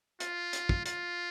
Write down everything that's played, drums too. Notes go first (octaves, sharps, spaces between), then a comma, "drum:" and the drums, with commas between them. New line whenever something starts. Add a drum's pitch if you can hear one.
F4, drum: hi-hat
drum: hi-hat
drum: kick
F4, drum: hi-hat